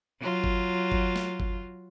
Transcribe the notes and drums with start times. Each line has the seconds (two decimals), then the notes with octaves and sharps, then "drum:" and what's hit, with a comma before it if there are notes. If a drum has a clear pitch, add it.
0.20 F#3 F4
0.44 drum: kick G1
0.92 drum: kick G1
1.16 drum: snare
1.40 drum: kick G1